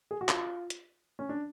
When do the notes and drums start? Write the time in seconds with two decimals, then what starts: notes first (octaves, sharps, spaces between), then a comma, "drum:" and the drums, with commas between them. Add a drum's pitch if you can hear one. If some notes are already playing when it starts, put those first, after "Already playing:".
0.11 G#4
0.21 F#4
0.29 F4, drum: clap
0.70 drum: hi-hat
1.19 C#4
1.29 D4